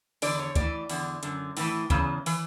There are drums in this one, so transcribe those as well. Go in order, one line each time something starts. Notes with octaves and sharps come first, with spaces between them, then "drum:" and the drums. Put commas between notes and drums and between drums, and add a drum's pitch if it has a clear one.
E2 D3 D5, drum: open hi-hat
C#5
A2 E3 D5, drum: kick D2, hi-hat
E2 D3, drum: open hi-hat
F#2 D3, drum: hi-hat
A2 E3, drum: open hi-hat
E2 C#3 E3, drum: kick D2, hi-hat
E3, drum: open hi-hat